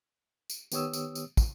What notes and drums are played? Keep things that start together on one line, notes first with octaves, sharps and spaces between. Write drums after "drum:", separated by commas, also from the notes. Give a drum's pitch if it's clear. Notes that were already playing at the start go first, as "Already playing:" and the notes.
drum: tambourine
D#3 B3 G4 C#5 D#6 E6, drum: tambourine
drum: tambourine
drum: tambourine
drum: kick, tambourine